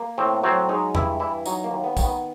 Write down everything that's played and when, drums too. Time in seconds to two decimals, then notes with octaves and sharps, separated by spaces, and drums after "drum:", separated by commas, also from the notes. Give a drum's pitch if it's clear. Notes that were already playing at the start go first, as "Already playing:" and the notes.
Already playing: A#3
0.18 A2 C4
0.43 F#3 C4
0.69 G#3 D#4
0.95 G2 E4, drum: tom E2
1.20 E3 E4
1.46 F#3 D#4, drum: tambourine
1.64 A#3
1.71 D#2
1.84 B3
1.97 D#3, drum: kick, tambourine
2.03 B3